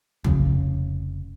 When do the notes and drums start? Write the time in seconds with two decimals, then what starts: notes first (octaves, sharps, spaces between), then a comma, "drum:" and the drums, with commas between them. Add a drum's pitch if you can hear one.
0.24 F1 C#3, drum: tom